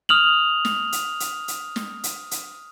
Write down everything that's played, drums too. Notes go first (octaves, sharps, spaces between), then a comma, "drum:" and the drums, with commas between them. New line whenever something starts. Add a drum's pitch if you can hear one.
D#6 F6 F7 F#7
drum: snare
drum: hi-hat
drum: hi-hat
drum: hi-hat
drum: snare
drum: hi-hat
drum: hi-hat